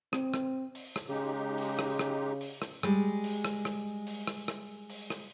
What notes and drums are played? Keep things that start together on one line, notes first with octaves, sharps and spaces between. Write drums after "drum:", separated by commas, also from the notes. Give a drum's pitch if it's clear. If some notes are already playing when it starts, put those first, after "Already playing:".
C4, drum: rim click
drum: rim click
drum: open hi-hat
drum: rim click
C#3 G#3 D#4 G4
drum: open hi-hat
drum: rim click
drum: rim click
drum: open hi-hat
drum: rim click
G3 G#3, drum: rim click
drum: open hi-hat
drum: rim click
drum: rim click
drum: open hi-hat
drum: rim click
drum: rim click
drum: open hi-hat
drum: rim click